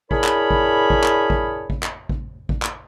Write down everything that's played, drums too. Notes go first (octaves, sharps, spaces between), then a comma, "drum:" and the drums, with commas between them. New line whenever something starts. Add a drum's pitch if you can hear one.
D4 E4 G#4 A#4 C#5 B5, drum: kick A1
drum: clap
drum: kick A1
drum: kick A1
drum: clap
drum: kick A1
drum: kick A1
drum: clap
drum: kick A1
drum: kick A1
drum: clap